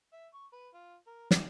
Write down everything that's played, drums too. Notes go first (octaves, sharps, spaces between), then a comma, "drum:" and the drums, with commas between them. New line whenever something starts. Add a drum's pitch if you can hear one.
E5
C#6
B4
F4
A#4
G4, drum: snare